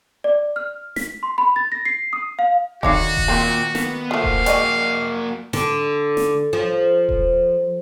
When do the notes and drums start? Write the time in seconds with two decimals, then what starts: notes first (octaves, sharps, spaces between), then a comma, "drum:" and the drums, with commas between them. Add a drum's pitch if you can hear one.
0.24 D5
0.56 F6
0.96 B6, drum: snare
1.23 C6
1.38 B5
1.56 A6
1.72 A#6
1.85 C7
2.13 D#6
2.39 F5
2.83 D3 D#3 F#4 C#5 F5 D6, drum: kick D#1
3.17 drum: kick D#1
3.28 A#2 A#3 C4
3.75 A#3 B3, drum: snare
4.11 F3 A3 A#3 F#4 F5
4.24 drum: kick D#1
4.46 G#3 D5 D#5 G5 C#6, drum: hi-hat
5.53 D3, drum: snare
6.17 drum: snare
6.53 F3
7.09 drum: kick D#1